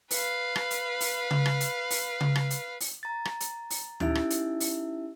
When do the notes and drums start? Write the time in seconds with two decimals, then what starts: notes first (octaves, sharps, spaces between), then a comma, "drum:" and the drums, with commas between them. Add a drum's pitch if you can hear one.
0.11 B4 F5, drum: open hi-hat
0.56 drum: rim click
0.71 drum: hi-hat
1.01 drum: open hi-hat
1.31 drum: tom C#3
1.46 drum: rim click
1.60 drum: hi-hat
1.90 drum: open hi-hat
2.20 drum: tom C#3
2.35 drum: rim click
2.50 drum: hi-hat
2.80 drum: open hi-hat
3.03 A#5 A6
3.25 drum: rim click
3.40 drum: hi-hat
3.70 drum: open hi-hat
4.00 C#4 D#4 E4 G4 E5, drum: tom D2
4.15 drum: rim click
4.30 drum: hi-hat
4.60 drum: open hi-hat